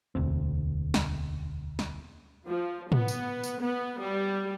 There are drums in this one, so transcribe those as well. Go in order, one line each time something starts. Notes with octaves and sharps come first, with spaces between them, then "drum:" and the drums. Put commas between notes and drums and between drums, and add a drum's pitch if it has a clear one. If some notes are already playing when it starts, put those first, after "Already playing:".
E1 D2 C4
drum: snare
drum: snare
F3
B3, drum: tom
drum: tambourine
drum: tambourine
B3
G3